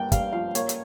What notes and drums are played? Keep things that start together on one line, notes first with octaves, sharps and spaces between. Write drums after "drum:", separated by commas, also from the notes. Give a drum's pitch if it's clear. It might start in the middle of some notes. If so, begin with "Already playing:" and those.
Already playing: G2 A#3 G5
G2 F5, drum: kick, hi-hat
F3 F5
A#3 C#5, drum: hi-hat
drum: hi-hat